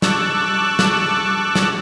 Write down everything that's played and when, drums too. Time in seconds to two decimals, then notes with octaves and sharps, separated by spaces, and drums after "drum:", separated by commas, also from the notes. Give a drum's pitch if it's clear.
0.02 A5 C#6 D6 E6 F#6, drum: snare
0.79 drum: snare
1.55 drum: snare